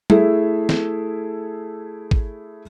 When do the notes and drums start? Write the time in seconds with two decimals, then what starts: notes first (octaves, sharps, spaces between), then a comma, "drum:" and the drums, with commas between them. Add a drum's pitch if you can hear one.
0.10 A3 E4 G#4 A4 E5, drum: tom
0.69 drum: snare
2.11 drum: kick